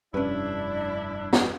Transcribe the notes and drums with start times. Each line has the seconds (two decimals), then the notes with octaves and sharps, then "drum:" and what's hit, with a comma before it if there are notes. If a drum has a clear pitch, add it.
0.14 F1 G2 C#4 D4 E4 B4 D5
1.33 drum: snare